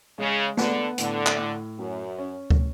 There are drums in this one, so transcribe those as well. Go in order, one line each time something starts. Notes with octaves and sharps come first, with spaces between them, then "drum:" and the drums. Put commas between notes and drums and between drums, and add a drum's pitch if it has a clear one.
C#3 G#3
D3 B3, drum: snare
A2 D3, drum: hi-hat
drum: clap
A2
F#2 F#3
C#4
drum: kick